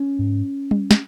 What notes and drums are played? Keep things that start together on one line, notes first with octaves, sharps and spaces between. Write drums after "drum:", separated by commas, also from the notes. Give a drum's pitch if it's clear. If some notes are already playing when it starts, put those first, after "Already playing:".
Already playing: C#4
G#2
drum: tom G3
drum: snare